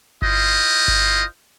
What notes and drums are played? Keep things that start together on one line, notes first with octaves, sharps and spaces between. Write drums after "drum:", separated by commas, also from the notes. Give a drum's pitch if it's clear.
E4 F4 C5 D#5, drum: kick G1
drum: kick G1